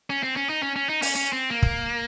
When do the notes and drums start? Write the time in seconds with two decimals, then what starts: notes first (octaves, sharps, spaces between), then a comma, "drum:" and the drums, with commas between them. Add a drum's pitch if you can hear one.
0.10 C#4
0.23 C4
0.36 C#4
0.49 D#4
0.63 C#4
0.76 C#4
0.89 D#4
1.02 C#4, drum: open hi-hat
1.16 C#4
1.33 C4
1.50 A#3
1.62 drum: kick